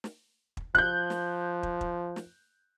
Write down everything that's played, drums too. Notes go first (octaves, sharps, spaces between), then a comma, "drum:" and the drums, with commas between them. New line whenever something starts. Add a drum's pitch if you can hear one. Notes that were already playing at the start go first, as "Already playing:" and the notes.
drum: snare
drum: kick
F3 F#6 G6, drum: kick
drum: snare
drum: kick
drum: kick
drum: snare